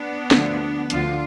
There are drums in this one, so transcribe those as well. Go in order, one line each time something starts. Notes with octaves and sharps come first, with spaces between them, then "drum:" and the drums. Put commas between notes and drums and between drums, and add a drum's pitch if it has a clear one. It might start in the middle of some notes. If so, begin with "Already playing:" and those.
Already playing: B3 D4
D2 D3 F3, drum: snare
D2 D3 F3 D4 F4, drum: hi-hat